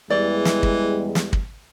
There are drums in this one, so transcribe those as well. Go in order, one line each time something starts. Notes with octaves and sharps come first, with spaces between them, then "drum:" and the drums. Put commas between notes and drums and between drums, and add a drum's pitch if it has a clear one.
E2 E3 G3 G#3 D5
drum: snare
drum: kick
drum: snare
drum: kick